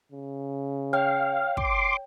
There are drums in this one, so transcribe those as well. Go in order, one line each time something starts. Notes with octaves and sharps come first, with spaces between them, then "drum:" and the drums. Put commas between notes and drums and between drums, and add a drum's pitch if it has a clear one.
C#3
C#5 F5 G5
C6 D6, drum: kick